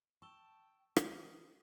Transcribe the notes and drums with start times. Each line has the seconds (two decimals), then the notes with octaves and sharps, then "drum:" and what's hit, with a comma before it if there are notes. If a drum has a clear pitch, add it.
0.22 G5 A5 C#6 E6 G7
0.96 E3 D#6, drum: rim click